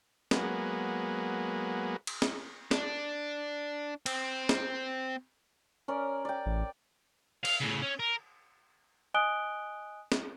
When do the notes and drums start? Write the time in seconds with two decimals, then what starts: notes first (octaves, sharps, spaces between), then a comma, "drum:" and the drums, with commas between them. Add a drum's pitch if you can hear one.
0.31 F#3 G#3 A#3 B3, drum: snare
2.07 drum: cymbal
2.22 drum: snare
2.71 D4, drum: snare
4.06 C4, drum: cymbal
4.49 drum: snare
5.88 C#4 A#4 D5
6.25 D5 G5
6.46 A1
7.45 F5, drum: cymbal
7.61 A2 C#3
7.82 C#4
7.99 A#4
9.14 D#5 G#5 D#6 F#6 D7 G7
10.12 drum: snare